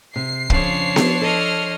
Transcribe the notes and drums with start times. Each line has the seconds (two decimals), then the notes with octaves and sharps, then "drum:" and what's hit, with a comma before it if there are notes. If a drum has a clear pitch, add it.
0.16 C3 C7
0.50 F2 A#2 C#3 F3 D4 C#5, drum: kick
0.96 drum: snare B3
1.22 A4 D#5 F6